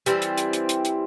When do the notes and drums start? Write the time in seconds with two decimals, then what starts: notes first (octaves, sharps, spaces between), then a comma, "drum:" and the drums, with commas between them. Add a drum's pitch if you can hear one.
0.06 E3 G3 C4, drum: hi-hat
0.22 drum: hi-hat
0.38 drum: hi-hat
0.53 drum: hi-hat
0.69 drum: hi-hat
0.85 drum: hi-hat